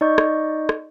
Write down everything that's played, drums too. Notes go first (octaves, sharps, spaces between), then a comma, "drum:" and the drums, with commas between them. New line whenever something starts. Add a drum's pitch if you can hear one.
D#4 D5 D#5 C#6 G6
drum: rim click
drum: rim click